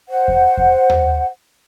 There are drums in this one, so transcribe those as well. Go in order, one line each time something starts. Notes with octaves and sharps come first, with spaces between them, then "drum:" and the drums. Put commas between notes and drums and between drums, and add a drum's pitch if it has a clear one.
C5 F#5
drum: kick E2
drum: kick E2
drum: tom D#2